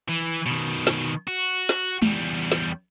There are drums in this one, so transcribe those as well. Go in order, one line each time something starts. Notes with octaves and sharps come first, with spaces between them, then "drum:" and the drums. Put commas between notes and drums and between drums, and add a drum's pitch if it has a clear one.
E3
B2 D#3
drum: snare
F#4
drum: snare
E2 G3, drum: tom G#3
drum: snare